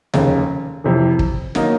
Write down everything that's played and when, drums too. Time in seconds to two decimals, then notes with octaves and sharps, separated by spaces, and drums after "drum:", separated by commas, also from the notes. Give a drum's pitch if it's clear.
0.14 F1 D#2 C#3, drum: snare
0.84 F2 C3 E3
1.19 drum: kick
1.55 D#3 F#3 A#3 D#4, drum: snare